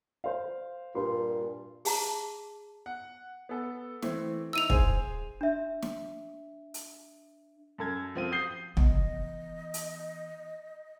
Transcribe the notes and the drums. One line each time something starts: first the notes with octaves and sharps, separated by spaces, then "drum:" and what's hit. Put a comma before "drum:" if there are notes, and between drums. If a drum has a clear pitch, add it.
C5 F5
G2 A#2 C6
G#4 A5 A#5 D6, drum: open hi-hat
F#5
B3 A4
E3 A3 C4, drum: snare
D#4 E4 E6 D#7 F7
G#4 C5, drum: kick
D4 E5
drum: snare
drum: hi-hat
F#2 A4 G#6
F3 C4 D#7
D#6 G6 C7 G7
E3 B3 D#5, drum: tom
drum: hi-hat